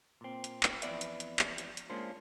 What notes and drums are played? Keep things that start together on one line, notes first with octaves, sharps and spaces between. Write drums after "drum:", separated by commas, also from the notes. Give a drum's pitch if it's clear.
A#2 C4
drum: hi-hat
drum: clap
F2 E3 B3 D5 E5, drum: hi-hat
drum: hi-hat
drum: hi-hat
drum: clap
drum: hi-hat
drum: hi-hat
G#3 A#3 C#4 D4 F4 C5